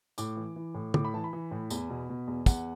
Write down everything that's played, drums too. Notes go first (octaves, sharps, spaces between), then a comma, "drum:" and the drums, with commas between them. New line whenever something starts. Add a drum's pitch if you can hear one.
A2 D6, drum: tambourine
E3
E3
A2
A2 D6, drum: tom
B5
E3 A5
B5
E3
A2
E2, drum: tambourine
B2
B2
E2
E2 F#5, drum: kick, tambourine